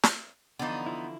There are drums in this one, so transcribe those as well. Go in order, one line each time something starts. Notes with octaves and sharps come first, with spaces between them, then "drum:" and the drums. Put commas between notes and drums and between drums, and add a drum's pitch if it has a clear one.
drum: snare
D3 E3 F3 B3 D#4
E4 F4